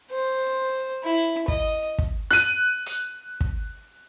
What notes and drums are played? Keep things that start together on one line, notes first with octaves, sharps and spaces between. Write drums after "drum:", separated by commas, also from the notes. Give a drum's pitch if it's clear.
C5
E4
D#5, drum: kick
drum: kick
F#6 D#7, drum: hi-hat
drum: hi-hat
drum: kick